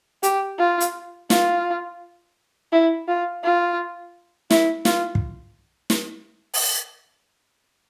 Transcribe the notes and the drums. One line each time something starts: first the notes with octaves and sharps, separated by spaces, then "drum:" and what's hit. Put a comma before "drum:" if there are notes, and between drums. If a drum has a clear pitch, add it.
G4, drum: hi-hat
F4
drum: hi-hat
F4, drum: snare
E4
F4
F4
E4, drum: snare
F4, drum: snare
drum: kick
drum: snare
drum: open hi-hat